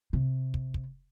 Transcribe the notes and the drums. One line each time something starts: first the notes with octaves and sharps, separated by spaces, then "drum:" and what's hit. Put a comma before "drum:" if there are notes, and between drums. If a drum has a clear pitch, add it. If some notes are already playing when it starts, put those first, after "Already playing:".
C3
drum: kick
drum: kick